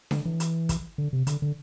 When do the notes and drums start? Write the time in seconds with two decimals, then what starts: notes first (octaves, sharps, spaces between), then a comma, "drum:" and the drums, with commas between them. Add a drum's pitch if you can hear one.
0.11 D3, drum: snare D4
0.25 E3
0.40 drum: hi-hat
0.69 drum: kick, hi-hat
0.98 D3
1.13 C3
1.27 D3, drum: hi-hat
1.42 D3